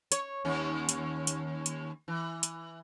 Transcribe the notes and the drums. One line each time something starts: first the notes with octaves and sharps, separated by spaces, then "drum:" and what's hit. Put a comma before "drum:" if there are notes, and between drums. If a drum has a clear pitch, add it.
C#5, drum: hi-hat
D#2 C#4
drum: hi-hat
drum: hi-hat
drum: hi-hat
E3
drum: hi-hat